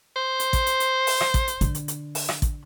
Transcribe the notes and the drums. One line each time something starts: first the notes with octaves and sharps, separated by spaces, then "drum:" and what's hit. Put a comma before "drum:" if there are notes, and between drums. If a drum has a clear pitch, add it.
C5
drum: hi-hat
drum: kick, hi-hat
drum: hi-hat
drum: hi-hat
drum: open hi-hat
drum: rim click
drum: kick, hi-hat
drum: hi-hat
D3, drum: kick, hi-hat
drum: hi-hat
drum: hi-hat
drum: open hi-hat
drum: rim click
drum: kick, hi-hat